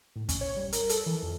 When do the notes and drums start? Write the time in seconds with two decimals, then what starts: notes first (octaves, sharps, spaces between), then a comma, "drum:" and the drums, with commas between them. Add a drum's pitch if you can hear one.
0.16 A2
0.29 C#4, drum: kick, hi-hat
0.41 C#5
0.56 G3
0.73 A#4, drum: hi-hat
0.89 A4, drum: hi-hat
1.06 E3
1.23 F2